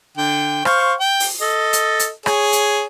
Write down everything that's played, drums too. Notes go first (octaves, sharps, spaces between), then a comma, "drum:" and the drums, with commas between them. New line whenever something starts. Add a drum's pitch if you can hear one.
D3 G5
C5 F5 C#6, drum: rim click
G5
drum: open hi-hat
A4 D#5
drum: hi-hat
drum: hi-hat
G#4 C#5, drum: rim click
drum: hi-hat